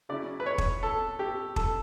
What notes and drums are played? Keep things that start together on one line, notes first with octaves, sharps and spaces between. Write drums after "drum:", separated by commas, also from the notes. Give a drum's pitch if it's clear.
C#3 F#3 C#4 E4 D5
B4
C#5
drum: kick
A4
G4
A4, drum: kick